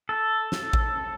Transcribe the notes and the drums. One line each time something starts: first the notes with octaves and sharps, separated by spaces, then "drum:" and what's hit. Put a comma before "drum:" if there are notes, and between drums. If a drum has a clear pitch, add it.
A4
drum: snare
drum: kick A1